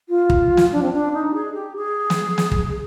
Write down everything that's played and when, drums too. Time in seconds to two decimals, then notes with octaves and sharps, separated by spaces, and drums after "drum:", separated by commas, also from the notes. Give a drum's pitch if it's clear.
0.08 F4
0.30 drum: kick
0.57 drum: snare
0.72 D4
0.82 C4
0.92 D4
1.13 D#4
1.34 G#4
1.54 G4
1.75 G#4
2.10 drum: snare
2.38 drum: snare
2.52 drum: kick